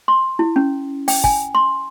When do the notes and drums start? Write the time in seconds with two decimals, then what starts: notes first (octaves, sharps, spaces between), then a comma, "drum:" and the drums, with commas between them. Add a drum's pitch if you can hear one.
0.08 C6
0.39 E4
0.56 C#4
1.08 G5, drum: open hi-hat
1.24 G#5, drum: kick
1.55 C6